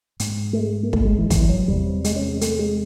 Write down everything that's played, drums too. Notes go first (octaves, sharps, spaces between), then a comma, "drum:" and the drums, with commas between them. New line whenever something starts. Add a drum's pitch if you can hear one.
G#2, drum: hi-hat
A3
G#3
A#3
A3, drum: kick
G#3
E3
E3, drum: kick, hi-hat
G3
F#3
E2 C3 G3
G#3, drum: hi-hat
C#4
G#3
A3, drum: hi-hat
G#3